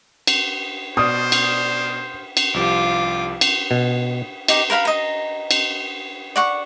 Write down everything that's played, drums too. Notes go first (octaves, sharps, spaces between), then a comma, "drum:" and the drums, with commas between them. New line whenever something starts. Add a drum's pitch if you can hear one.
drum: cymbal
B2 C5 D5 D#6 F6
drum: cymbal
drum: cymbal
C2 F3 F4 G4 D6
drum: cymbal
B2
D#4 G4, drum: cymbal
A#4 B4 F5 B5
D#5 A#5
drum: cymbal
D5 F#5 C#6